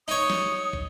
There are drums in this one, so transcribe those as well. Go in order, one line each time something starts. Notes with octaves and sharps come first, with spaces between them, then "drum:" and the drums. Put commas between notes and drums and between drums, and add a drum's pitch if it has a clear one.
D#4 C#5 D#6
drum: snare
drum: kick